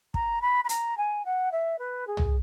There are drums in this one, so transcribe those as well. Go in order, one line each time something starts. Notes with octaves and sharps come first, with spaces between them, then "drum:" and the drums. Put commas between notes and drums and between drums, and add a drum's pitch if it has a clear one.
A#5, drum: kick
B5
B5
A#5, drum: hi-hat
G#5
F#5
E5
B4
G#4
drum: tom C2